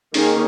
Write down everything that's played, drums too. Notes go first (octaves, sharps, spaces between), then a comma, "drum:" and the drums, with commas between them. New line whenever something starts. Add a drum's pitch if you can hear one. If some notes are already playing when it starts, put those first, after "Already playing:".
D#3 A#3 C#4 G#4, drum: open hi-hat